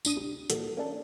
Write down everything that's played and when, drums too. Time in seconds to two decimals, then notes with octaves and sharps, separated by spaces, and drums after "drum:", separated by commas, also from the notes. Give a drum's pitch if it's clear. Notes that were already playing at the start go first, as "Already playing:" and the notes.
0.05 A1 D4 D#6 D#7, drum: tambourine
0.16 D2 C3 G3
0.50 A#2 E3 G3 A#3 F#4 A4, drum: hi-hat
0.77 A#3 C#4 D4 A4